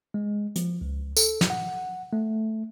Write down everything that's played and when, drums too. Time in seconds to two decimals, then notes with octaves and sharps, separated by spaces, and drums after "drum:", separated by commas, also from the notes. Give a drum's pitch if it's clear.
0.14 G#3
0.56 F3, drum: hi-hat
0.81 C#2
1.17 A4, drum: tambourine
1.41 drum: snare
1.50 F#5
2.13 A3